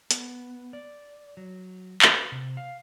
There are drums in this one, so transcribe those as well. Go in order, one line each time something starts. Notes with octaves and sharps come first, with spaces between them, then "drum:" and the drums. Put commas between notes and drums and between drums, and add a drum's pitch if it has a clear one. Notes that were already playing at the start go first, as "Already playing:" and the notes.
B3, drum: hi-hat
D5
F#3
B4, drum: clap
C3
F5